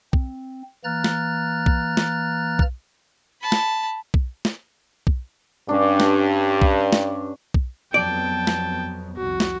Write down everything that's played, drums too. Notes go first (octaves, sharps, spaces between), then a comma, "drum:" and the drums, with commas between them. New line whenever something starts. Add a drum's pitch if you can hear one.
C4, drum: kick B1
E3 A#3 A#5 F6 F#6 A6
drum: snare
drum: kick B1
drum: snare
drum: kick B1
A5 B5
drum: snare
drum: kick B1
drum: snare
drum: kick B1
G2 C#4 D4
drum: snare
drum: kick B1
drum: snare
drum: kick B1
F2 F#3 B3 D5 G5 A5
drum: snare
C2 F2 F#4
drum: snare